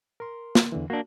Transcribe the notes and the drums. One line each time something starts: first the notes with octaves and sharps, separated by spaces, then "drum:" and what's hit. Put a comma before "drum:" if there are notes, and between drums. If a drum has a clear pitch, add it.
A#4 C6
drum: snare
E2 D3 E3
A#3 D4 F#4